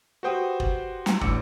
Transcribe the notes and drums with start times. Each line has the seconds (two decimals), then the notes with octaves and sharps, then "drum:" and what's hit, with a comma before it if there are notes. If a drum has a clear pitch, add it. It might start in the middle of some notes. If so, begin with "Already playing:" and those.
0.23 F#4 G4 B4 C5 G5 D#6
0.60 drum: kick
1.06 drum: snare
1.21 A1 D3 D6 E6 C#7, drum: kick